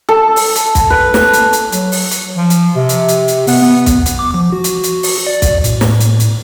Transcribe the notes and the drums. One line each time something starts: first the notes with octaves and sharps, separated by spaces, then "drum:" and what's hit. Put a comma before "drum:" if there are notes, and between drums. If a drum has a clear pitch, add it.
A4
drum: open hi-hat
drum: hi-hat
drum: kick, hi-hat
B4
drum: snare
drum: hi-hat
drum: hi-hat
F#3, drum: hi-hat
drum: open hi-hat
drum: hi-hat
F3
drum: hi-hat
C3
drum: hi-hat
drum: hi-hat
drum: hi-hat
B3, drum: open hi-hat
B3
drum: kick, hi-hat
drum: hi-hat
D6
F3
F#4
drum: hi-hat
drum: hi-hat
drum: open hi-hat
D5
drum: kick, hi-hat
A2, drum: hi-hat
drum: snare
drum: hi-hat
drum: hi-hat